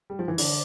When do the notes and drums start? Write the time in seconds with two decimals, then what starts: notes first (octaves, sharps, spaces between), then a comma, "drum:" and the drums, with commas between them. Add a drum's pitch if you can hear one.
0.10 G3
0.19 F3
0.28 E3
0.38 D3 D5, drum: open hi-hat